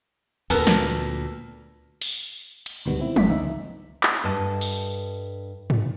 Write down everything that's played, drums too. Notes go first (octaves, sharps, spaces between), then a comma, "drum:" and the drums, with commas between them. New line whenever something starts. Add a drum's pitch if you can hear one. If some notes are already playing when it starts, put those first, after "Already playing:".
D2 A#2 B3 A4 A#4, drum: open hi-hat
drum: snare
drum: open hi-hat
drum: cymbal
D2 G#2 B2 D#3 G3 B3
C4 E4
G1 D6 B6, drum: tom
C#2 D3 D#4 E5
drum: clap
G2 A4 D#5 A5
drum: open hi-hat
drum: tom